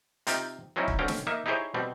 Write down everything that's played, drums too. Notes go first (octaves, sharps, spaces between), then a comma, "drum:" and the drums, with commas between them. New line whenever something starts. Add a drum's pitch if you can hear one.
C3 C4 D#4 F4 G4, drum: hi-hat
F#3 C4 C#4 D#4 E4
drum: kick
B1 D3 C4 C#4 F5 G5
drum: snare
A#3 D#4 E5
D#4 E4 G4 G#4 C5 C#5
B2 G3 C4